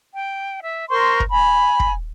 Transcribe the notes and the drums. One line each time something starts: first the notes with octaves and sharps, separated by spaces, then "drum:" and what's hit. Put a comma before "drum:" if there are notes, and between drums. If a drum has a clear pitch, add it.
G5
E5
A#4 C5 C6 C#6
drum: kick
G#5 B5
drum: kick